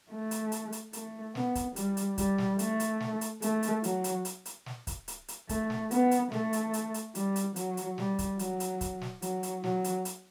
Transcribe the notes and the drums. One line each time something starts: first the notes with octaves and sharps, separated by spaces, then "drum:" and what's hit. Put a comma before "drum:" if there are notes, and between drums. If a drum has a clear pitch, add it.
A3
drum: hi-hat
drum: hi-hat
drum: hi-hat
A3, drum: hi-hat
B3, drum: snare
drum: kick, hi-hat
G3, drum: hi-hat
drum: hi-hat
G3, drum: kick, hi-hat
drum: snare
A3, drum: hi-hat
drum: hi-hat
drum: snare
drum: hi-hat
A3, drum: hi-hat
drum: hi-hat
F#3, drum: hi-hat
drum: hi-hat
drum: hi-hat
drum: hi-hat
drum: snare
drum: kick, hi-hat
drum: hi-hat
drum: hi-hat
A3, drum: kick, hi-hat
drum: snare
B3, drum: hi-hat
drum: hi-hat
A3, drum: snare
drum: hi-hat
drum: hi-hat
drum: hi-hat
G3, drum: hi-hat
drum: hi-hat
F#3, drum: hi-hat
drum: hi-hat
G3, drum: snare
drum: kick, hi-hat
F#3, drum: hi-hat
drum: hi-hat
drum: kick, hi-hat
drum: snare
F#3, drum: hi-hat
drum: hi-hat
F#3, drum: snare
drum: hi-hat
drum: hi-hat